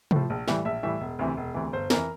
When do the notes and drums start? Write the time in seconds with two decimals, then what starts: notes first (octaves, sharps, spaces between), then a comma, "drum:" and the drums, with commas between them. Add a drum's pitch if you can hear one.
0.11 A2 F3, drum: tom C3
0.30 A#1
0.48 A2 E3 G3, drum: snare
0.65 A#1 E5
0.83 A2 E3 G3 E5
1.01 E1
1.19 D2 C3 E3
1.37 E1
1.54 D2 C3 E3
1.73 G1 C5
1.90 F2 E3 A#4, drum: snare